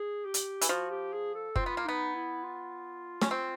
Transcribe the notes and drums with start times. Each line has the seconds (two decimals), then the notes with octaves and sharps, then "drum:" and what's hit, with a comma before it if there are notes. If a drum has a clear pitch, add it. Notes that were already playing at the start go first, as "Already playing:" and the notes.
Already playing: G#4
0.25 G4
0.34 drum: hi-hat
0.61 E3, drum: hi-hat
0.68 F3 F#4
0.90 G4
1.13 G#4
1.34 A4
1.56 C4 F4, drum: kick F#1
1.66 B3
1.77 A#3
1.85 B3 D#4
2.14 E4
2.43 F4
3.22 C#4, drum: snare
3.31 C4